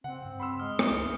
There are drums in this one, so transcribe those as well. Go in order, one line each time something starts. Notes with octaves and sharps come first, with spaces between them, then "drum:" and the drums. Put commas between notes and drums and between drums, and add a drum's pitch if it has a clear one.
C#3 C4 F#5
G2
B5 C6 E6
G#3 D#6 F6
D#4 D#6, drum: rim click
C#2 E3